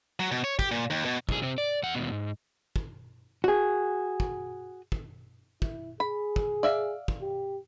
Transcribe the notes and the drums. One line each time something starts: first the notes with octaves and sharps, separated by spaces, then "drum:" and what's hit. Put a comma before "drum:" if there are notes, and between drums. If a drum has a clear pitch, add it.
F#3
B2
C#5
G4, drum: kick
A#2
D#2
B2
B1 G#4, drum: kick
C3 C4
D5
E2 F#5
D#2 B2
G#2
drum: kick
F#4 G#4
drum: kick
drum: kick
E4, drum: kick
G#4 B5
drum: kick
D5 E5 F5
drum: kick
G4